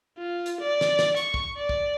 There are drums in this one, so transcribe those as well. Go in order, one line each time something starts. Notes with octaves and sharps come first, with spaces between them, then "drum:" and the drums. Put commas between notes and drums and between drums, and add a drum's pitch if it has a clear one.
F4
drum: hi-hat
D5
drum: snare
drum: snare
C#6, drum: hi-hat
drum: kick
D5
drum: kick